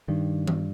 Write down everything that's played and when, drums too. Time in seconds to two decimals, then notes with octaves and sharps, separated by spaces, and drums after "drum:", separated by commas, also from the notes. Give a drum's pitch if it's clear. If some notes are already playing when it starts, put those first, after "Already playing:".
0.08 G2 D#3
0.48 drum: tom D#3